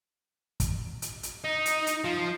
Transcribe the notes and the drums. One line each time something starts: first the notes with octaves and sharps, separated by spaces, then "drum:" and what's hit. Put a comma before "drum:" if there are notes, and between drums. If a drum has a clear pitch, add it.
drum: kick, hi-hat
drum: hi-hat
drum: hi-hat
D#4
drum: hi-hat
drum: hi-hat
F3